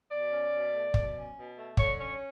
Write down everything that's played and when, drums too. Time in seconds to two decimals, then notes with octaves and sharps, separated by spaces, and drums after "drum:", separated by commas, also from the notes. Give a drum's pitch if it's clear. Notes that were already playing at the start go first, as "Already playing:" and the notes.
0.10 B2 D5
0.31 C#4
0.52 B2
0.72 A3
0.94 B2, drum: kick
1.15 C#4
1.35 B2
1.56 A3
1.77 D3 C#5, drum: kick
1.98 C#4 C#5